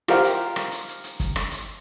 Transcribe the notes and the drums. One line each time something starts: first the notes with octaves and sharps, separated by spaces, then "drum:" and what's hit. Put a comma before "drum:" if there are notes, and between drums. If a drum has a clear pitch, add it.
F4 G4 A#4 C5 F5 F#5, drum: rim click
drum: hi-hat
drum: rim click
drum: hi-hat
drum: hi-hat
drum: hi-hat
drum: kick, hi-hat
drum: rim click
drum: hi-hat